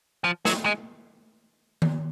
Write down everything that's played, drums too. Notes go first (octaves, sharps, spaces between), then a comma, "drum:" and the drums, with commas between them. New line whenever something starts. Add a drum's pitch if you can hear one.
F3
F#3, drum: snare
G#3
drum: tom D#3